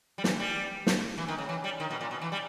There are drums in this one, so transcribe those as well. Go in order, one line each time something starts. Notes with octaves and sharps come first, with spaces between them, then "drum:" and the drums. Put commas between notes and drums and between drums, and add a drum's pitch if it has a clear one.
G3
E3, drum: snare
G3
drum: snare
E3
D#3
C#3
E3
G3
D#3
B2
A#2
B2
E3
G3